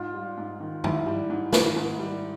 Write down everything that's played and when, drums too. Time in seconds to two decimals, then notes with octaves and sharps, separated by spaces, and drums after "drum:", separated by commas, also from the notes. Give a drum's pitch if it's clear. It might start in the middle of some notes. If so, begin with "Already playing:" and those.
Already playing: G#2 F4
0.14 G3
0.37 G#2
0.60 D#3
0.84 G#2 E4, drum: tom
1.07 G3
1.30 G#2
1.53 D#3, drum: snare
1.76 G#2
1.99 G3